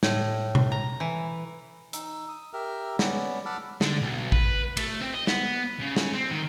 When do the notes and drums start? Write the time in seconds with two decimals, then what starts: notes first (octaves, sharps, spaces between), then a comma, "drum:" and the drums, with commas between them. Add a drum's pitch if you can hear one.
0.03 A2, drum: snare
0.55 drum: tom B2
0.72 A#5
1.00 E3
1.93 D#4 E6, drum: hi-hat
2.29 D#6
2.53 G4 A#4 E5 F6
2.99 B3 C#4 B4 D5, drum: snare
3.46 F#5 A5 B5 D6 E6 F6
3.81 D3, drum: snare
4.02 B1
4.32 B4, drum: kick
4.77 A3, drum: cymbal
5.01 C4
5.14 D#5
5.27 B3, drum: snare
5.79 C#3
5.96 drum: snare
6.13 C4
6.30 D#3